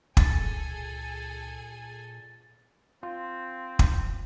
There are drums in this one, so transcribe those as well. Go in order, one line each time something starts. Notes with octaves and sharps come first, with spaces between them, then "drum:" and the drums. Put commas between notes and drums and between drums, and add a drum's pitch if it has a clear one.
C#2 A#2 C#3 G#4 A4 G#5 A6, drum: kick
C4 F4
drum: kick